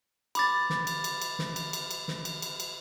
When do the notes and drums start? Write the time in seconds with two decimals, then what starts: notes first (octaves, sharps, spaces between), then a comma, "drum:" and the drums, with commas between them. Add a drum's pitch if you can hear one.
0.35 B5 D6 A6, drum: cymbal
0.70 drum: snare
0.87 drum: cymbal
1.04 drum: cymbal
1.22 drum: cymbal
1.39 drum: snare
1.56 drum: cymbal
1.73 drum: cymbal
1.91 drum: cymbal
2.08 drum: snare
2.25 drum: cymbal
2.42 drum: cymbal
2.60 drum: cymbal